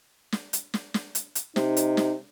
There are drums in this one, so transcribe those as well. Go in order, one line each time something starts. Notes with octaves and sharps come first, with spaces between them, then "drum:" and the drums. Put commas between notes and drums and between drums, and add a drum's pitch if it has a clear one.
drum: snare
drum: hi-hat
drum: snare
drum: snare
drum: hi-hat
drum: hi-hat
C3 D#4, drum: snare
drum: hi-hat
drum: snare